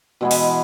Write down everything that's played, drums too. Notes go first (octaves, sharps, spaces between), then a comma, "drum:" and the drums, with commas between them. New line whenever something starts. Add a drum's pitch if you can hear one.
B2 E3 G#3 B3
drum: open hi-hat